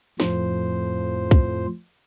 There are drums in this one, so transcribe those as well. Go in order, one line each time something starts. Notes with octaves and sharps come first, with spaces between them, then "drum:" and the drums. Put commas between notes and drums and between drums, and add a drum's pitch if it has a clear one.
F2 A2 F3 C5, drum: snare
drum: kick